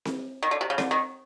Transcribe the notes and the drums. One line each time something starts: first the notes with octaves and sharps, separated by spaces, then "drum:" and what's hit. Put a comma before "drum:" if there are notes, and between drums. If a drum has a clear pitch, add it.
drum: snare C4
D#3
D3
C3
C#3
D3, drum: snare C4
D#3